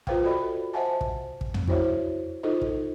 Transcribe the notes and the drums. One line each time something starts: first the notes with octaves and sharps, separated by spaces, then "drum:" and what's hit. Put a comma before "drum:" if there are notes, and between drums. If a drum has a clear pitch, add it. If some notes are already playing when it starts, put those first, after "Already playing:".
F4 G#4 B4 C5 F5 G5, drum: kick
F#4 A4 D5 D#5 B5
C5 D#5 E5 F#5 G#5 A5
drum: kick
drum: kick
drum: tom
E4 F#4 C5 C#5 E5, drum: kick
D#4 F4 G#4 A4 C5 D#5
drum: kick